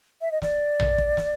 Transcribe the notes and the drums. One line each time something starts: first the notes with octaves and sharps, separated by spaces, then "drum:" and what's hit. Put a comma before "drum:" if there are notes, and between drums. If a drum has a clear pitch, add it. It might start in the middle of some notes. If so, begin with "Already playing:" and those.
E5
D#5
D5, drum: snare
drum: tom A#1
drum: kick
drum: snare